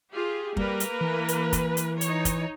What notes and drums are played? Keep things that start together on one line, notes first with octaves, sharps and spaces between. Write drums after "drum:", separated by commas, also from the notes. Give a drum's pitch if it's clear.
F4 G4 G#4
G3 A#3 A#4 B4, drum: kick
drum: hi-hat
E3
drum: hi-hat
drum: kick, hi-hat
drum: hi-hat
D#4 C#5, drum: hi-hat
drum: kick, hi-hat